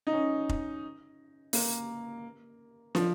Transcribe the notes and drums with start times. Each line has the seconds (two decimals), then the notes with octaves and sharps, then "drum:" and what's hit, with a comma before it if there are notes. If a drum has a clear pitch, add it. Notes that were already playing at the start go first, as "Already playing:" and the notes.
0.07 D#4
0.13 C#4
0.49 drum: kick F1
1.53 A#3, drum: open hi-hat
2.95 F3, drum: snare